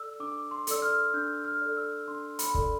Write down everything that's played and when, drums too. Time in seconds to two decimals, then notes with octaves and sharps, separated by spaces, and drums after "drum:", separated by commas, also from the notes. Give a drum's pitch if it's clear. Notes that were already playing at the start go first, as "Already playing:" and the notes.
Already playing: A4 D5 E6
0.20 D4 D6
0.51 C6
0.67 A4 D5 E6, drum: hi-hat
0.82 F6
1.14 D4 G6
1.45 F6
1.61 A4 D5
1.77 E6
2.08 D4 C6
2.39 B5, drum: hi-hat
2.55 A4 D5, drum: kick